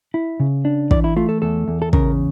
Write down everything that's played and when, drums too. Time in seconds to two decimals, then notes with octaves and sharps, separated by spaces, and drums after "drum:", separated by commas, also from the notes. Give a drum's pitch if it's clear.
0.14 E4
0.40 C#3
0.65 D4
0.91 E3 D5, drum: kick
1.04 E4
1.16 A3 F4
1.29 A4
1.42 E2 A4
1.68 E2
1.82 A4
1.93 C#3 A#4, drum: kick